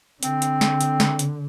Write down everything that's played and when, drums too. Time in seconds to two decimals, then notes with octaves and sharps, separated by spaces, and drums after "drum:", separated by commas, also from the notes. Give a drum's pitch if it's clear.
0.23 D3 C4, drum: hi-hat
0.42 drum: hi-hat
0.61 drum: snare
0.81 drum: hi-hat
1.00 drum: snare
1.19 drum: hi-hat